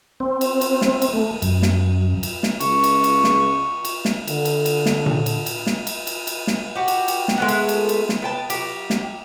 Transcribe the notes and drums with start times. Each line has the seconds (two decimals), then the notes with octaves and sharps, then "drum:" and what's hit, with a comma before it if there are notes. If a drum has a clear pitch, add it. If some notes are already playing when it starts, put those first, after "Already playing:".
0.20 C4
0.41 drum: cymbal
0.61 drum: cymbal
0.81 drum: snare
1.02 drum: cymbal
1.13 A3
1.42 F#2, drum: cymbal
1.62 drum: snare
2.23 drum: cymbal
2.43 drum: snare
2.60 C#2 C#6, drum: cymbal
2.84 drum: cymbal
3.04 drum: cymbal
3.24 drum: snare
3.85 drum: cymbal
4.05 drum: snare
4.27 D3, drum: cymbal
4.45 drum: cymbal
4.65 drum: cymbal
4.86 drum: snare
5.06 drum: tom A#2
5.26 drum: cymbal
5.46 drum: cymbal
5.67 drum: snare
5.87 drum: cymbal
6.07 drum: cymbal
6.27 drum: cymbal
6.47 drum: snare
6.75 F#4 G4
6.88 drum: cymbal
7.08 drum: cymbal
7.28 drum: snare
7.38 G#3 A3 B3
7.48 drum: cymbal
7.69 drum: cymbal
7.89 drum: cymbal
8.09 drum: snare
8.22 B3 G5 A5
8.50 F#3 G4, drum: cymbal
8.90 drum: snare